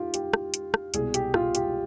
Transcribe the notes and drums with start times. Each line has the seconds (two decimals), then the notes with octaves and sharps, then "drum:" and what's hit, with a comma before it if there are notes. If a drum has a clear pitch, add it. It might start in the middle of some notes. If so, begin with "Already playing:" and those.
Already playing: D#3 F4 G4
0.14 G4, drum: hi-hat
0.33 drum: rim click
0.54 drum: hi-hat
0.74 drum: rim click
0.94 C2 B2 G#4, drum: hi-hat
1.14 G4, drum: hi-hat
1.34 F4, drum: rim click
1.55 G4, drum: hi-hat